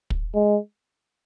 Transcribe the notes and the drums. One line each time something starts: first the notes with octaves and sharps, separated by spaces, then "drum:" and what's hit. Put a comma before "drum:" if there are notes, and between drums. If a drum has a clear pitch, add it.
drum: kick
G#3